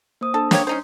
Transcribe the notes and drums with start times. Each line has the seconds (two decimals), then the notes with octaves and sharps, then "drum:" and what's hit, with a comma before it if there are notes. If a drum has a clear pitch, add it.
0.21 A#3 C5 D#6
0.34 D4 A4 D#6
0.51 A#3 G4 C#5, drum: snare
0.67 C#4 D#4 C5